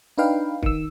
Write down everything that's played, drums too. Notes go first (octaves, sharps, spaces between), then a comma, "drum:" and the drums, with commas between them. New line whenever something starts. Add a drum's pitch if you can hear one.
D4 D#4 B4 F5 G5
D#3 E6, drum: kick